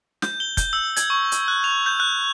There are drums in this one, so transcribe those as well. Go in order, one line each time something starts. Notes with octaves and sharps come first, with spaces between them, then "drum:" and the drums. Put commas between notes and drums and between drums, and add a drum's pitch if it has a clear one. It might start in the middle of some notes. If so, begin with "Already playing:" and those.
G6, drum: snare
G7
G6, drum: kick, hi-hat
E6
G#6, drum: hi-hat
C#6
drum: hi-hat
F#6
F7
G6
F#6